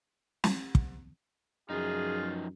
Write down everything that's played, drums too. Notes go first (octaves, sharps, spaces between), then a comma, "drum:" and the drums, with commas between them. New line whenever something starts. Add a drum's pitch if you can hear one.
drum: snare
drum: kick
F#2 F3 D#4 F4 G#4